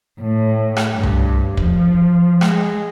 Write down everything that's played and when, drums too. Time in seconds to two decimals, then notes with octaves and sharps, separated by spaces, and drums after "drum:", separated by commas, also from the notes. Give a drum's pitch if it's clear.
0.20 A2
0.76 drum: rim click
0.93 G2
1.03 drum: tom C2
1.57 F3, drum: kick
2.41 G#3, drum: rim click